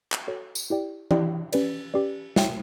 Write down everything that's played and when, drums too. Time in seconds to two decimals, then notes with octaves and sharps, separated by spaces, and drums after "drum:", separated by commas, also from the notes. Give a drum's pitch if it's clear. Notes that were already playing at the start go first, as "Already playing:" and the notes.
0.12 drum: clap
0.28 F#4 A4 C#5
0.55 drum: tambourine
0.70 E4 G4 D5 G5
1.11 E4 G4 D5 G5, drum: tom E3
1.53 C#4 G4 B4 D5, drum: cymbal
1.94 C#4 G4 B4 D5
2.36 F#4 C#5 E5 G5, drum: snare